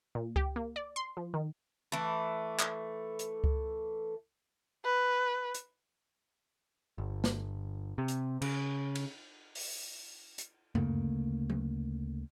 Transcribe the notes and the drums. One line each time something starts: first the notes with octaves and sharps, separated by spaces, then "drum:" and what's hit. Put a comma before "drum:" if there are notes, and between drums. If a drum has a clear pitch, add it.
A#2
G4, drum: kick C#2
A#3
D5
C6
F3
D#3
E3 A3
drum: clap
drum: hi-hat
drum: kick C#2
B4
drum: hi-hat
G1
drum: snare
C3
drum: hi-hat
C#3, drum: cymbal
drum: cymbal
drum: open hi-hat
drum: hi-hat
D2 C#3 A3 A#3, drum: tom F#2
drum: tom F#3